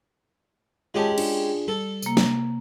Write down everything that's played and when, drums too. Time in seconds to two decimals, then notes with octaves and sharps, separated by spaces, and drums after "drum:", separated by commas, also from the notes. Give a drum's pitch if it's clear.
0.95 G#3 C#4 F4 G4 G#4 A5
1.18 D4 F4 G#4, drum: cymbal
1.68 G3 A4
2.02 C3 A#3, drum: tambourine
2.17 drum: snare